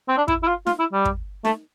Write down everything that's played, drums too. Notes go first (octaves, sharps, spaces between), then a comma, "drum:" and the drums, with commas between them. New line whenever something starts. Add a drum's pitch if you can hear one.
C4
D4
E4, drum: kick
E4
F4
F4, drum: snare D#4
E4
G3
drum: kick
A3, drum: snare D#4